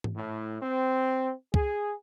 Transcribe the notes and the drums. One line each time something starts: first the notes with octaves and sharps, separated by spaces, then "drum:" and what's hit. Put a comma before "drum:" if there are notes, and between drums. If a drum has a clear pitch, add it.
drum: tom G#2
A2
C4
G#4, drum: kick